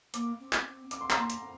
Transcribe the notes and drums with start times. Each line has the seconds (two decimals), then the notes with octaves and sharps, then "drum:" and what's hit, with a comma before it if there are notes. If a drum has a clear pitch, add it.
0.14 A#3 D6, drum: hi-hat
0.40 C4
0.53 drum: clap
0.65 C4
0.91 C4 D6, drum: hi-hat
1.01 C6
1.10 A#5, drum: clap
1.17 A#3 C6
1.30 drum: hi-hat
1.42 C4